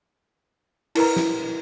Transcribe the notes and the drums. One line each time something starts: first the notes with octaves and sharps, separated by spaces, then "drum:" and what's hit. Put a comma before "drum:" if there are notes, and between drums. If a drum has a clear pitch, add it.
E4 A#4 B4 A#5, drum: cymbal
drum: snare